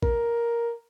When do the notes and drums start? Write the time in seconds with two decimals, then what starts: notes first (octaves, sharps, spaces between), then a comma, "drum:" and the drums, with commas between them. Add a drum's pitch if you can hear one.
0.03 A#4, drum: kick